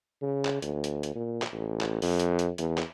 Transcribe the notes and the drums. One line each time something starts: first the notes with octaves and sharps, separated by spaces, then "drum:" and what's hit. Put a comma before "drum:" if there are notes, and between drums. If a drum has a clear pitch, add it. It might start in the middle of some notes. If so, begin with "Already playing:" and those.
C#3
drum: clap
D2, drum: hi-hat
drum: hi-hat
drum: hi-hat
A#2
drum: clap
A1
drum: clap
F2, drum: open hi-hat
drum: hi-hat
drum: hi-hat
E2, drum: hi-hat
drum: clap